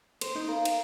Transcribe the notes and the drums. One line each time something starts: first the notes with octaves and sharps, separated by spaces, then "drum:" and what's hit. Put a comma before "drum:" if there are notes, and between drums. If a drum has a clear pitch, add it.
C5, drum: cymbal
D#4
A#4 F5
drum: cymbal